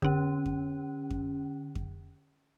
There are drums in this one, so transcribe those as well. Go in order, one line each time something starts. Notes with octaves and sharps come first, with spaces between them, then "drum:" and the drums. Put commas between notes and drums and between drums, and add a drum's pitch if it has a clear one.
D3 C#4, drum: kick F2
drum: kick F2
drum: kick F2
drum: kick F2